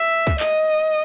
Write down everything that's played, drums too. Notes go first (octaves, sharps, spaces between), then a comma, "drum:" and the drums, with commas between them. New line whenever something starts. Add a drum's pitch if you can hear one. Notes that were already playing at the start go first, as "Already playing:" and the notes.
Already playing: E5
drum: kick
D#5, drum: clap